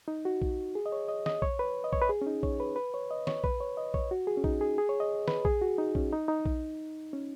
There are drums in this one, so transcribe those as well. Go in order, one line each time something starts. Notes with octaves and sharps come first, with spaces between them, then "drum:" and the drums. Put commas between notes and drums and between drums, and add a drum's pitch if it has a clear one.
D#4
F#4
drum: kick A#1
G#4
D#5
C#5
D#5
D#5, drum: snare
C#5, drum: kick A#1
B4
D#5
C#5, drum: kick A#1
B4
G#4
C#4
D#4
C#5, drum: kick A#1
B4
B4
C#5
D#5
C#5, drum: snare
B4, drum: kick A#1
C#5
D#5
C#5, drum: kick A#1
F#4
G#4
C#4
D#4, drum: kick A#1
G#4
G#4
C#5
D#5
B4, drum: snare
G#4, drum: kick A#1
F#4
D#4
C#4, drum: kick A#1
D#4
D#4
drum: kick A#1
C#4